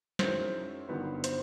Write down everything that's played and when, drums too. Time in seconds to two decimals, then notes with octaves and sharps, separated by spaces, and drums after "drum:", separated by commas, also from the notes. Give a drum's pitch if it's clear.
0.19 F#2 D#3 G#3 C#4 E4 C5, drum: snare
0.89 G1 G2 D#3 F#3 B3 B4
1.24 C5, drum: hi-hat